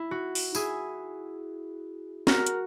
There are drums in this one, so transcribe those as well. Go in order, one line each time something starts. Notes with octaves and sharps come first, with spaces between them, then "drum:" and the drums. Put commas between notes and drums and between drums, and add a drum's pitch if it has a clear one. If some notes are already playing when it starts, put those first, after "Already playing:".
Already playing: E4
F#4
drum: open hi-hat
E4 G#4, drum: tambourine
F#4 A#4, drum: snare
drum: hi-hat